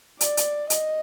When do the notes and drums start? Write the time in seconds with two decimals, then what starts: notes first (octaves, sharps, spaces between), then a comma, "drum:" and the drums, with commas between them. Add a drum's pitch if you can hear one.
0.21 D5, drum: hi-hat
0.37 drum: hi-hat
0.70 D#5, drum: hi-hat